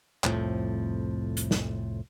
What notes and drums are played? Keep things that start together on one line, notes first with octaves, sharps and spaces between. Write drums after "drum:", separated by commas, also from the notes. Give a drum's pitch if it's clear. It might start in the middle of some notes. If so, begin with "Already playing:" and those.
C2 F2 A2 F3, drum: clap
drum: hi-hat
drum: snare